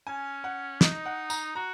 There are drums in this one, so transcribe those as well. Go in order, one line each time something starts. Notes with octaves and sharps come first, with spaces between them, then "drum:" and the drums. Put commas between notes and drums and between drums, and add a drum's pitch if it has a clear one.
C#4 G#5
F#5
D#4 D#5, drum: snare
F#5
A#5, drum: tambourine
F#4 A#5